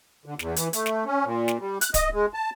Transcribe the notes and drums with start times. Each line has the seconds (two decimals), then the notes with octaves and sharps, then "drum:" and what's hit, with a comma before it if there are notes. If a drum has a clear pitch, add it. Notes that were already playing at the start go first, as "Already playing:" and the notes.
0.26 D3
0.39 E2, drum: snare
0.56 E3, drum: hi-hat
0.73 A3, drum: hi-hat
0.86 drum: snare
1.06 C#4
1.25 A#2
1.48 drum: snare
1.60 G3
1.81 F#6, drum: hi-hat
1.94 D#5, drum: kick D1, hi-hat
2.13 G#3
2.34 A5